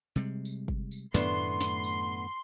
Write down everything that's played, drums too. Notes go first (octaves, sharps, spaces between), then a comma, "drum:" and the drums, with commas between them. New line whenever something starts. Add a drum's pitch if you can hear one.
C3 G3 G#3
drum: tambourine
drum: kick
drum: tambourine
F#2 A2 D#3 A3 B3 D4 C6, drum: snare
drum: snare
drum: tambourine